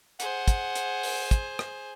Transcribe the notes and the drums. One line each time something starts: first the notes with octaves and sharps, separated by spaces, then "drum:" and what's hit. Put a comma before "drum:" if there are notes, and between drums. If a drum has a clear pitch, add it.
G#4 C5 F#5, drum: hi-hat
drum: kick, hi-hat
drum: hi-hat
drum: open hi-hat
drum: kick, hi-hat
drum: rim click